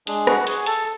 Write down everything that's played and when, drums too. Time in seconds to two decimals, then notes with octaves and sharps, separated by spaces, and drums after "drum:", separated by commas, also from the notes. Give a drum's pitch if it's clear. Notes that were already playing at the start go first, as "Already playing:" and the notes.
0.07 G#3 D4 G#4, drum: hi-hat
0.27 F#4 F#5, drum: rim click
0.47 G#4 G#5, drum: hi-hat
0.66 A4 A5, drum: hi-hat